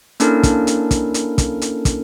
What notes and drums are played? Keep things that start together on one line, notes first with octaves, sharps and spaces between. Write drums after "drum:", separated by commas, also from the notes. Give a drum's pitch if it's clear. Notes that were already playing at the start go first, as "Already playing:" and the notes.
A#3 C#4 D4 E4 A4 A#4, drum: hi-hat
drum: kick, hi-hat
drum: hi-hat
drum: kick, hi-hat
drum: hi-hat
drum: kick, hi-hat
drum: hi-hat
drum: kick, hi-hat